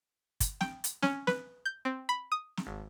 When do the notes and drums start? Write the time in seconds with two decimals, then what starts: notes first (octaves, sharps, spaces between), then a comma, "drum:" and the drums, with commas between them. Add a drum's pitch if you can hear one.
0.40 drum: kick, hi-hat
0.61 G5, drum: snare
0.84 drum: hi-hat
1.03 C#4, drum: snare
1.27 B4, drum: snare
1.65 G6
1.85 C4
2.09 B5
2.32 D#6
2.57 drum: snare
2.67 G#1